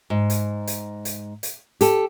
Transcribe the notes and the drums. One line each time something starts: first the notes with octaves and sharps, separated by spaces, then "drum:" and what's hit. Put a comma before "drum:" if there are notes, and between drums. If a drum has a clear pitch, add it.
G#2
drum: hi-hat
drum: hi-hat
drum: hi-hat
drum: hi-hat
G4 A4, drum: hi-hat